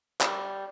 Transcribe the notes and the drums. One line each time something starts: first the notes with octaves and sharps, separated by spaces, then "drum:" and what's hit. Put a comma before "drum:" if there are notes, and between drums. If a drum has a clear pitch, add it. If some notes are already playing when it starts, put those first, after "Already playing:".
G3, drum: clap